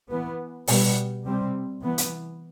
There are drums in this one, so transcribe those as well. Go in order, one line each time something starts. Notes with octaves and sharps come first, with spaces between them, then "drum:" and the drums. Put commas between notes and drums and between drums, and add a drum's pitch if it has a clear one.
E3 B3
B2 G3 B3, drum: open hi-hat
C3 G3 C4
E3 B3
drum: hi-hat